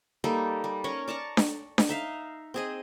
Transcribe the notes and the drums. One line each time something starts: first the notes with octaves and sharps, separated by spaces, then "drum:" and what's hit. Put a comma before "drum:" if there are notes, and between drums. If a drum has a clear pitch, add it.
G3 A#3 D#4 A4
G3
C#4 A#4 C#5 C#6
D5 A5 A#5 C#6
drum: snare D4
drum: snare D4
D#4 E5 F5
C4 G#4 D#5